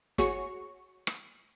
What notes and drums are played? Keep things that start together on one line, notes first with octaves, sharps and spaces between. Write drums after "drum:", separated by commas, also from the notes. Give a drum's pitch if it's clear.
F#4 G#4 C#5 C#6, drum: snare
drum: rim click